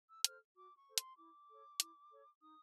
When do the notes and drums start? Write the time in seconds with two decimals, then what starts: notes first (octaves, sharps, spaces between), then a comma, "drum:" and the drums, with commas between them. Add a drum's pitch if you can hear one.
0.10 E6
0.24 A4 C5 F6, drum: hi-hat
0.55 F#4 D6
0.76 C#6
0.87 A4 C5
0.98 C6, drum: hi-hat
1.18 E4 D6
1.49 A4 C#5
1.80 E4, drum: hi-hat
2.10 A4 C#5
2.41 D#4 D#6